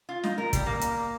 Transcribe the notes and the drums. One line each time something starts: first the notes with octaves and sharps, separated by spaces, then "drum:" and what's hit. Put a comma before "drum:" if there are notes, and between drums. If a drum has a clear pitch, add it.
F4
D#4, drum: snare
A#4
G3, drum: kick, hi-hat
A#3
drum: hi-hat